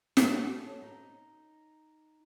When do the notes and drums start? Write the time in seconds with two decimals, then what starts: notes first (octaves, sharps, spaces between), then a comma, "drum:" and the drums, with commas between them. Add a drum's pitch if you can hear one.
0.17 C4 C#4 G4 A4 F5, drum: snare
0.82 D#4